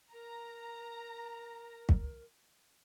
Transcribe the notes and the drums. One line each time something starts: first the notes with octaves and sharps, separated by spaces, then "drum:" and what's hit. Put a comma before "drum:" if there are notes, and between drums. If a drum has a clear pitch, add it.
A#4 A#5
drum: kick